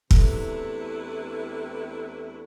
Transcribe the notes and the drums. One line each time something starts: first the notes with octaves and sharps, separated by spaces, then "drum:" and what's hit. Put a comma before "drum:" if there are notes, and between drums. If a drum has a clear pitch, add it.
E2 C3 A3 D4 E4 B4, drum: kick